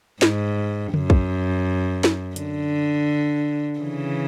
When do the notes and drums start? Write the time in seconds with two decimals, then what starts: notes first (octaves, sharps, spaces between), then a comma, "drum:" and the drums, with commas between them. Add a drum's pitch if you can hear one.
0.22 G#2, drum: snare
0.94 F#2, drum: tom C#3
1.10 drum: kick
2.04 drum: snare
2.36 D3, drum: hi-hat
3.79 C#3 E3